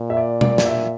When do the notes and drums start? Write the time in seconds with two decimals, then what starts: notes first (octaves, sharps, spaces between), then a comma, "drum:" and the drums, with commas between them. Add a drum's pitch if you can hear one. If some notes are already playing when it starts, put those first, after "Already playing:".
Already playing: A#2
0.10 E5
0.17 D5
0.41 D5, drum: tom B2
0.58 D5, drum: snare
0.65 E5